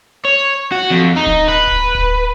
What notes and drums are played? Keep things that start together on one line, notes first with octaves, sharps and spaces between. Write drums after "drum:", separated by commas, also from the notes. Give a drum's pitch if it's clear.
C#5
F#4
F2
D#4
drum: kick D1
B4
drum: kick D1
drum: kick D1